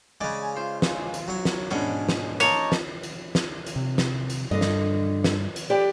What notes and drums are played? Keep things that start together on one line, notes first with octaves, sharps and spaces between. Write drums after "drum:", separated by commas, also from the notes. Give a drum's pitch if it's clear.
C#3 G#3 D5 G#5
F4 C5
drum: snare
drum: hi-hat
F#3 C#5
drum: snare
G#2 B2 B3 C#4 D4
drum: snare
A#3 D#4 C#5 A5 A#5, drum: hi-hat
drum: snare
drum: hi-hat
drum: snare
drum: hi-hat
C3
drum: snare
drum: hi-hat
G2 D3 D#5
drum: snare
drum: snare
drum: hi-hat
G4 B4 D5